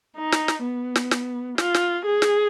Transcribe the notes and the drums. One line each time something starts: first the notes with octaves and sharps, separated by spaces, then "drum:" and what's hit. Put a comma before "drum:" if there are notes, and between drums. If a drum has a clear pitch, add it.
D#4
drum: snare
drum: snare
B3
drum: snare
drum: snare
F4, drum: snare
drum: snare
G#4
drum: snare